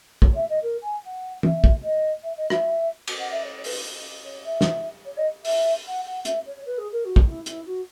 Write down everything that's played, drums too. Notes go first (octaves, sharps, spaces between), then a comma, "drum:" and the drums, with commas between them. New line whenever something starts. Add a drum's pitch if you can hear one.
C#5, drum: kick
E5
D#5
A#4
G#5
F#5
E5, drum: tom
drum: kick
D#5
E5
D#5
E5, drum: rim click
drum: cymbal
F#5
E5
C#5
B4, drum: open hi-hat
C#5
E5
drum: snare
C#5
D#5
E5, drum: open hi-hat
F#5
F#5
E5, drum: hi-hat
C#5
B4
G#4
A#4
F#4
drum: kick
E4
E4, drum: hi-hat
F#4